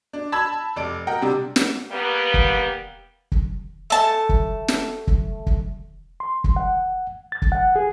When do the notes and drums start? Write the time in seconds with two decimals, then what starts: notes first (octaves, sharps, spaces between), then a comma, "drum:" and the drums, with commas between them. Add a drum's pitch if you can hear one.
0.13 D4
0.32 A5 B5 E6 G#6
0.76 F1 D5 D7
1.07 A#4 D#5 F#5 G5
1.21 C3 G3 D4
1.56 drum: snare
1.91 G3 A#3 B3
2.34 drum: kick
3.32 drum: kick
3.90 A3 A5
4.29 drum: kick
4.68 drum: snare
5.07 drum: kick
5.46 drum: kick
6.20 C6
6.44 drum: kick
6.56 F#5
7.32 A6
7.42 drum: kick
7.52 F#5
7.76 G#4